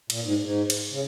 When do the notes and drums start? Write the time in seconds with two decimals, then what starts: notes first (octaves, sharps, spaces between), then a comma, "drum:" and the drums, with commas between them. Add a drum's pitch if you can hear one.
0.10 A#2, drum: cymbal
0.24 G#2
0.43 G#2
0.70 drum: cymbal
0.91 C#3